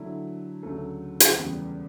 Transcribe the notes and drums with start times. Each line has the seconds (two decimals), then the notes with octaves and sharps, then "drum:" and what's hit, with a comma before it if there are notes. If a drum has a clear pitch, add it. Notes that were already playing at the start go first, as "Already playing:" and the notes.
Already playing: D3 F#3 A3 E4
0.63 D2 C#3 F#3 A3
1.20 drum: hi-hat
1.39 E2 C#3 G3 B3